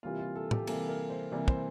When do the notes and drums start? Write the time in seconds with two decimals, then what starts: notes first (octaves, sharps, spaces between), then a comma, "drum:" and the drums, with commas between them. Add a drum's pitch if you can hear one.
0.03 C3 E3 G3 A#3 F4
0.19 F4
0.36 A4
0.51 G4, drum: tom
0.67 C3 E3 G3 A#3 A4, drum: cymbal
0.89 A#4
1.10 C5
1.32 C3 E3 G3 A#3 D5
1.48 C5, drum: kick